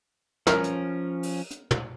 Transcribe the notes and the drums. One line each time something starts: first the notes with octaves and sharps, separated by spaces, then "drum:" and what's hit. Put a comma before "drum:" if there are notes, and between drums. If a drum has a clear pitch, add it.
F3 C#4 A#4 F6, drum: snare
drum: hi-hat
drum: open hi-hat
drum: hi-hat
drum: tom